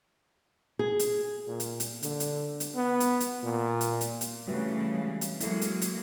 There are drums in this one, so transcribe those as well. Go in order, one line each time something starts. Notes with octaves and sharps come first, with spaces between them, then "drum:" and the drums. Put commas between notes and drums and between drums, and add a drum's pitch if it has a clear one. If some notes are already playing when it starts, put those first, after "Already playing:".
G#4
drum: hi-hat
A#2
drum: hi-hat
drum: hi-hat
D3, drum: hi-hat
drum: hi-hat
drum: hi-hat
B3
drum: hi-hat
drum: hi-hat
A#2
drum: hi-hat
drum: hi-hat
drum: hi-hat
C#3 E3 G3 A3 F#4 B4
G3 G#3
drum: hi-hat
F#3 G#3 A#3 E4 A4, drum: hi-hat
drum: hi-hat
drum: hi-hat